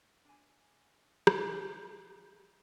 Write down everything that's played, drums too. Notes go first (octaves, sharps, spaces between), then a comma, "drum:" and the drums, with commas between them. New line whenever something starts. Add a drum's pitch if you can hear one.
D4 G#5
drum: rim click